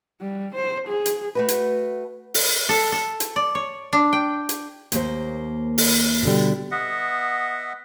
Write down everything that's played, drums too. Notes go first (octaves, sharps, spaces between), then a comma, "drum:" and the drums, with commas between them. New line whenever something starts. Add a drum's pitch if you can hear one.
G3
C5
G#4
drum: hi-hat
A3 F#4 B4
drum: hi-hat
drum: open hi-hat
A4
A4
drum: hi-hat
D5
C#5
D4
G5
drum: hi-hat
D#2 A#3 C5, drum: hi-hat
drum: open hi-hat
B2 D3 G3
B3 D#5 E5 F#5